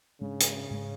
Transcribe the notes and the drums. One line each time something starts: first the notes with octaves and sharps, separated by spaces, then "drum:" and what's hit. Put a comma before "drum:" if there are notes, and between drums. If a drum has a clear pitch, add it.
G#2 C#3 G#3 D4
drum: hi-hat
G#2 G#3 C#4